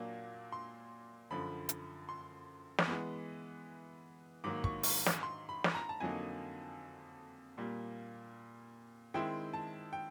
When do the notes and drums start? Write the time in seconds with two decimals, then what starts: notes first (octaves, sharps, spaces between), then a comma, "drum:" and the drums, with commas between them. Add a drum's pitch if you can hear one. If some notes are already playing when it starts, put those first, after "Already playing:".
Already playing: A#2 F#3 A#3 D4
0.52 C6
1.31 F#2 D3 F3 B5
1.69 drum: hi-hat
2.09 C6
2.79 drum: snare
2.88 E3 G#3 B3
4.44 G#2 D#3 F#3 A#3 D6
4.64 C#6, drum: kick
4.83 C#6, drum: open hi-hat
5.06 drum: snare
5.23 C6
5.49 B5
5.64 drum: snare
5.75 A#5
5.89 A5
6.00 F2 D3 F#3 A#3 D#4 G#5
7.58 A#2 G3 A#3
9.14 D#3 G#3 C4 E4 G5
9.53 A5
9.93 G5